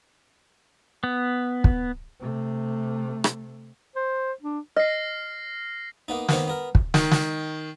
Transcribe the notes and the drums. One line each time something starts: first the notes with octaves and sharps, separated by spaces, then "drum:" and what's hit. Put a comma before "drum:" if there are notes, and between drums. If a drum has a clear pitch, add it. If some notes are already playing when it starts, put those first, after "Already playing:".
B3
drum: kick
C3 A3
drum: rim click
C5
D4
D#5 F6 A#6 C7
A#3 B3 D#4
D#3 A#3 B3 D#4 C5, drum: snare
B3 A#4
drum: kick
D#3, drum: snare
drum: snare